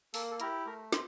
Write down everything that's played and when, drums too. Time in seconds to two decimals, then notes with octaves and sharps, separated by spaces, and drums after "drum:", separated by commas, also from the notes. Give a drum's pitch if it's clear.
0.14 A#3 A4, drum: open hi-hat
0.31 A4
0.40 E4 G4 A#4, drum: hi-hat
0.66 A3 A#4
0.92 C5, drum: snare